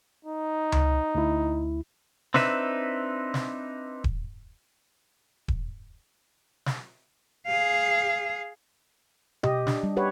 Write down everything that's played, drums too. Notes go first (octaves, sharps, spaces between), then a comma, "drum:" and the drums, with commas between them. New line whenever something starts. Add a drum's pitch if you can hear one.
D#4
drum: tom C#2
D2 E4
C4 D4 D#4 B4 E5, drum: snare
drum: snare
drum: kick D#1
drum: kick D#1
drum: snare
G#4 F5
G4 D#5, drum: tom B2
D4, drum: snare
G3
G4 B4 C#5 F#5